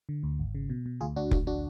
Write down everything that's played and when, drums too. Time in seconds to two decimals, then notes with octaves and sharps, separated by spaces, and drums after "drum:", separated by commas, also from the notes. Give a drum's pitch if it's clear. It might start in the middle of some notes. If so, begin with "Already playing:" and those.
0.09 D3
0.23 D2
0.39 G#1
0.55 C#3
0.70 B2
0.86 B2
1.01 D2 F4 G#4
1.16 D2 D4 F#4
1.31 A1 D4 F#4, drum: kick F1
1.47 D4 F#4